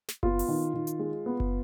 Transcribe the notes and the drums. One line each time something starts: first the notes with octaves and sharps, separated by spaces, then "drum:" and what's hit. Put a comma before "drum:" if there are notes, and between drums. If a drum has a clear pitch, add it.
drum: snare
B3 F4, drum: kick F#1
drum: open hi-hat
D#3
D#3
drum: hi-hat
G#3
B3
drum: kick F#1